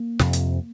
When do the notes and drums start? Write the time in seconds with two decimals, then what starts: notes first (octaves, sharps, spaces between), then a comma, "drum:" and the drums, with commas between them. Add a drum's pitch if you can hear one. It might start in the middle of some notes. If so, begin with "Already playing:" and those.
Already playing: A#3
0.19 F2 C3, drum: snare
0.33 drum: hi-hat